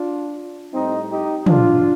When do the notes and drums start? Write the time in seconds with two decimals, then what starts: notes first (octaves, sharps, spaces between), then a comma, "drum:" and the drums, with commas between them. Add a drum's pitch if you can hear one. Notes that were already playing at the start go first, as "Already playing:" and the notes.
Already playing: D4 F4
0.74 A2 G3 C4 D#4
1.10 D#4 G4
1.46 D4 F4, drum: tom